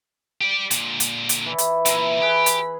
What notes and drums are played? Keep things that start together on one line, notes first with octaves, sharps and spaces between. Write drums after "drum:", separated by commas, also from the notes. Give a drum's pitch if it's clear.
G4 D5
A#2 D3, drum: hi-hat
drum: hi-hat
drum: hi-hat
E3
drum: hi-hat
A#2 E3 E4 A#5, drum: hi-hat
G4 G#4 B4
drum: hi-hat